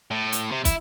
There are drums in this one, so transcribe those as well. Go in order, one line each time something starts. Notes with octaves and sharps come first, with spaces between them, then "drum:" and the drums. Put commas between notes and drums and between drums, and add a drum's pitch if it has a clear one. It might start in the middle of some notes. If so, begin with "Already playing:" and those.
A2
drum: hi-hat
C3
E4, drum: kick, hi-hat